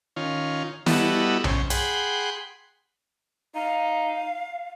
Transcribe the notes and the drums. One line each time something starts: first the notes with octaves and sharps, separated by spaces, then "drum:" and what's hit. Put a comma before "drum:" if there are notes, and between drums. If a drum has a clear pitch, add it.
D#3 C#4 F4
G3 B3 E4 F#4 A4 D#5, drum: snare
C#4 C5, drum: tom B1
G#4 F#5 G5 B5 C6, drum: hi-hat
D#4 F5